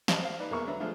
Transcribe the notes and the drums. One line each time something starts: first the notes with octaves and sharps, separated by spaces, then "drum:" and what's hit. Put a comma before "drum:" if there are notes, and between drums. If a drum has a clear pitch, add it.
G4 C5 D5 D#5 F5 A5, drum: snare
C4 F5
D#4 B4 D5
E2 G#3 A#3 A#4 E5 C#6
D3 F#3 D4 B4 E5 A#5
F3 G#3 A3 D4 F4